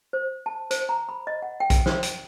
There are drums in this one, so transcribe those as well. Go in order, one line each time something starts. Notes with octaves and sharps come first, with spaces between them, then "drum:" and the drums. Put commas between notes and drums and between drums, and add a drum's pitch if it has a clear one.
C5
A5
C5, drum: hi-hat
A#5
B5
D#5
F#5
G5
drum: kick B1, hi-hat
C5, drum: snare
drum: hi-hat